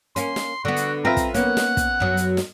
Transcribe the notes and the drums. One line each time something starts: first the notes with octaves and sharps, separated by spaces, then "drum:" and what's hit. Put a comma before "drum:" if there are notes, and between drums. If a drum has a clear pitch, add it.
A#3 C#4 C6, drum: hi-hat
drum: snare
D3 B3 F#4
drum: hi-hat
C4 F4 B4 E5 A#5
drum: kick, hi-hat
A#3 B3 C#4 F#5, drum: hi-hat
drum: snare
drum: kick, hi-hat
F#2 F#3
drum: hi-hat
drum: snare